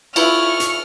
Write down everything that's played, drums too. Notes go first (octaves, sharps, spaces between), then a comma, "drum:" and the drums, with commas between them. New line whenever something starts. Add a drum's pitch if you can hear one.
E4 F4 B4 E5 C#6 F6, drum: cymbal
drum: hi-hat